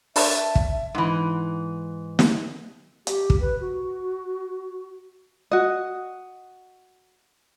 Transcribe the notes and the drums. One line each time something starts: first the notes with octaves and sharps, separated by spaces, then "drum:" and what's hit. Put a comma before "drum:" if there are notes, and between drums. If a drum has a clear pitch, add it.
D4 E5 A5, drum: open hi-hat
drum: kick
G#2 E3
drum: snare
G4, drum: hi-hat
drum: kick
B4
F#4
F#4 D#5